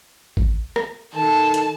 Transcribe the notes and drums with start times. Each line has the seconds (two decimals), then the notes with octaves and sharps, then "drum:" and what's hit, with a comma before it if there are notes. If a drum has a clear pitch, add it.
0.37 drum: kick G#1
0.76 drum: rim click
1.15 D#3 A4 A5
1.54 drum: hi-hat